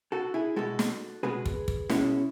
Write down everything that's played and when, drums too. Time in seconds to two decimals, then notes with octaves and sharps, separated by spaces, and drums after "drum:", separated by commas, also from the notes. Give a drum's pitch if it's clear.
0.12 F#4 A4
0.34 E4 G#4
0.56 B2 G#3 F#4 A4
0.79 drum: snare
1.23 B2 G#3 G#4 B4
1.46 drum: kick
1.68 drum: kick
1.89 B2 G#3 C#4 E4, drum: snare